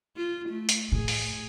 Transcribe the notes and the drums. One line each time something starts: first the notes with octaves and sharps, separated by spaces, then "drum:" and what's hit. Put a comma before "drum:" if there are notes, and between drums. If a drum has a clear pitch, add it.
F4
A3
drum: hi-hat
A2 G#4
drum: open hi-hat